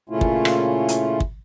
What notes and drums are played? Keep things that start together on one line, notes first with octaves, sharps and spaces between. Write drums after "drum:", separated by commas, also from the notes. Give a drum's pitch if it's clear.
A#2 C#3 A3 C#4 E4 F4
drum: kick
drum: rim click
drum: hi-hat
drum: kick